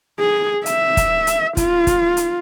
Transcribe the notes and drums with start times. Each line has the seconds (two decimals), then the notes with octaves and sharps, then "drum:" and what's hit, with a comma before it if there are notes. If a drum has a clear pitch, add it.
0.19 G#4
0.66 E5, drum: hi-hat
0.97 drum: kick, hi-hat
1.27 drum: hi-hat
1.57 F4, drum: kick, hi-hat
1.87 drum: kick, hi-hat
2.17 drum: hi-hat